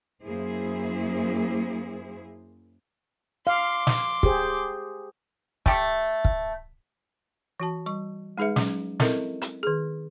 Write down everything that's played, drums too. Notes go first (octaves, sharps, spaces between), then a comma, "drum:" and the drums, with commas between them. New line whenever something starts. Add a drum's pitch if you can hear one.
F#2 A#3 E4 G#4 C5
F5 C6 D6
drum: snare
G4 G#4 C5, drum: kick
A3 G4 A4, drum: kick
drum: kick
E3 F#4 A5
G3 C#6
G#3 D#4 G#4 B4 E5
F#3 C#4, drum: snare
C4 E4 A4 A#4 D#5 E5, drum: snare
drum: hi-hat
D#3 G#4